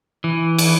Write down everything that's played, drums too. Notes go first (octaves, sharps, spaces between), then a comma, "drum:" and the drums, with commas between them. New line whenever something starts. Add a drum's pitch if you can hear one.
E3
drum: cymbal